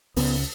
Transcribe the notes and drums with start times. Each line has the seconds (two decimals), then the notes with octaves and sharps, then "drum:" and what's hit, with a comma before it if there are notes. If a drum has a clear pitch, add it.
0.16 C#2 C#3 B3, drum: open hi-hat